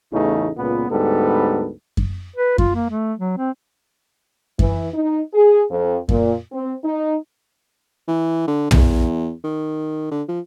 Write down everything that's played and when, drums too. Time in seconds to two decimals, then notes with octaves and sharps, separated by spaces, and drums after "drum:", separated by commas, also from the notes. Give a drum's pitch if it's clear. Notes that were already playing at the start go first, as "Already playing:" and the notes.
0.12 A1 E2 C#3 A3 D#4
0.57 C#2 A#2 B3
0.91 D2 G#2 G3 B3 A4
1.97 drum: kick F#2
2.36 B4
2.58 F4, drum: kick F#2
2.75 A#3
2.90 A3
3.19 F#3
3.38 C4
4.59 E3, drum: kick F#2
4.94 D#4
5.34 G#4
5.71 F2
6.09 A#2, drum: kick F#2
6.53 C4
6.84 D#4
8.08 E3
8.47 D3
8.71 E2, drum: tom
9.44 D#3
10.11 D3
10.29 F3